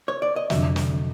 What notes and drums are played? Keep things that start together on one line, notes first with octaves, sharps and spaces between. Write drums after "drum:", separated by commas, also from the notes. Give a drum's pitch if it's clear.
C#5
D5
D#5
F1 F2 D3 F#3 E5, drum: snare
drum: snare